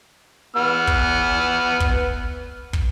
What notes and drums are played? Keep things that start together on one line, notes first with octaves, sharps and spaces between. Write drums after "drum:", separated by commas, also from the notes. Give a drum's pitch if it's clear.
B3 F6
drum: kick
drum: kick
drum: kick